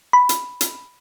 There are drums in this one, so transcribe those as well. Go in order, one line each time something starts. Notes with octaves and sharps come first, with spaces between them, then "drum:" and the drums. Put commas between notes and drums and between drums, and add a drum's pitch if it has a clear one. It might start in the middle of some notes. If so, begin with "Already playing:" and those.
B5
drum: hi-hat
drum: hi-hat